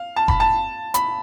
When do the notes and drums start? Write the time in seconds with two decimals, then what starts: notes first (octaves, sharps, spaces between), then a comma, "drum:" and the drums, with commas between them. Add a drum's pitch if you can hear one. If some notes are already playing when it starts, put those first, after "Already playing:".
Already playing: F5
0.16 A5
0.28 B5, drum: kick F1
0.40 A5
0.94 B5, drum: hi-hat